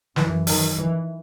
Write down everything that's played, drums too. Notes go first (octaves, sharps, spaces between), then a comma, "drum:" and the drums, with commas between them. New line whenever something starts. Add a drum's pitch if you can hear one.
F#2 E3, drum: snare
D#3, drum: open hi-hat
E3